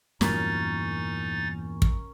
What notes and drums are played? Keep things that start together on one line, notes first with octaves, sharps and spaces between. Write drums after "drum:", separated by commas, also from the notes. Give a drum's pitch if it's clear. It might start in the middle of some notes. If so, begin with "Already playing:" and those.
E2 G2 A#2 F#3 C#4 D#4 A#4 A6, drum: snare
drum: kick